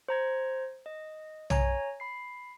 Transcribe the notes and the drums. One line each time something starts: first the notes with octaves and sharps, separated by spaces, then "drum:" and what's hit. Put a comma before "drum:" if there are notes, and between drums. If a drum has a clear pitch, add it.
C5 A#5 G#6
D#5
C#5 G#5 A#5, drum: tom
B5 C7